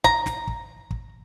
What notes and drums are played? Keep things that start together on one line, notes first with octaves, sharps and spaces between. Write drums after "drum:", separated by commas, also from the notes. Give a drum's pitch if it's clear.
A#5, drum: kick
drum: snare
drum: kick
drum: kick